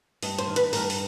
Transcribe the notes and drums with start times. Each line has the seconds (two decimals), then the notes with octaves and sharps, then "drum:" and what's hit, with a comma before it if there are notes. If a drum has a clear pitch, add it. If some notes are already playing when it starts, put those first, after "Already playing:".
0.22 G2 D#5, drum: open hi-hat
0.39 C5, drum: hi-hat
0.48 D#3
0.56 B4, drum: hi-hat
0.73 G2 A#4, drum: open hi-hat
0.90 drum: open hi-hat